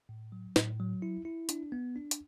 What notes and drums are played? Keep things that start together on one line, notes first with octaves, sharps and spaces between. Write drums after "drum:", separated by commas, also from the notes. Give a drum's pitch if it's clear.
A2
F#3
A2, drum: snare
F#3
E4
E4
D4, drum: hi-hat
B3
D4
drum: hi-hat